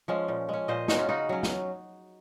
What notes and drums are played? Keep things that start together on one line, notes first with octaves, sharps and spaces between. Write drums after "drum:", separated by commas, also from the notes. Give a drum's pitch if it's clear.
F3 G#3 C#4
A#2
G#3 C#4
A#2 C5 D#5
G#3 C#4 D#4 F#4, drum: snare
C#4 F4
C#3 D#4 F#4
F#3 C#4
drum: snare